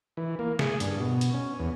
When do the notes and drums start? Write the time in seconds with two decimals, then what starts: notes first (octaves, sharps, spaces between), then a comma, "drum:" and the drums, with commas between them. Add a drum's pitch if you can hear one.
0.17 E3
0.39 A#3
0.59 G#4, drum: snare
0.80 G2, drum: hi-hat
1.00 B2
1.21 drum: hi-hat
1.34 C#4
1.59 E2